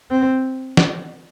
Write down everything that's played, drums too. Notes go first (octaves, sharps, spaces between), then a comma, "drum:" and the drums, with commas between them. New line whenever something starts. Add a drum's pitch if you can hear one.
C4
drum: snare